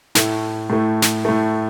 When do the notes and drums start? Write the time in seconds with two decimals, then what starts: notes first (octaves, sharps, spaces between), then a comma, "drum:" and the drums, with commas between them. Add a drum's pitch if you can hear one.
0.15 A2 A3, drum: snare
0.70 A2 A3
1.02 drum: snare
1.25 A2 A3